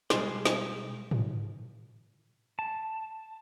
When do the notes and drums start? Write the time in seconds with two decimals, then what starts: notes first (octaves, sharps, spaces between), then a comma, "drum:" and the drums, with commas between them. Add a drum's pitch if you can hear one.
0.10 B2 G3 G#3 G#4 C6, drum: snare
0.45 drum: snare
1.11 drum: tom G#2
2.59 A5